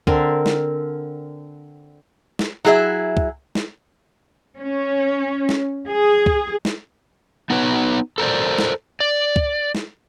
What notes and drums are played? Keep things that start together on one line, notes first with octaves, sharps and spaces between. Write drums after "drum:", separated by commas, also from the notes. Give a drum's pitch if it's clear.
D3 C4 A#4, drum: kick
drum: snare
drum: snare
F#3 E4 G#4 A4 E5
drum: kick
drum: snare
C#4
drum: snare
G#4
drum: kick
drum: snare
B3 D#4 F#4 B4 C#5
A4 A#4 C5 D5
drum: snare
D5
drum: kick
drum: snare